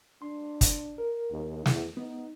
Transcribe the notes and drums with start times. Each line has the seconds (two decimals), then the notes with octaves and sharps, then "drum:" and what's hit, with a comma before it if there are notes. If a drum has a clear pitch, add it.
0.22 D4 C6
0.61 drum: kick, hi-hat
0.98 A#4
1.31 D#2
1.66 E2, drum: snare
1.97 B3 D#4